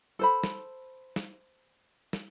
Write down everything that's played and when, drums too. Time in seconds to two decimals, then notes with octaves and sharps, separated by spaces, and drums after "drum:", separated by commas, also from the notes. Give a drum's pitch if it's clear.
0.19 A4 C5 B5
0.43 drum: snare
1.16 drum: snare
2.13 drum: snare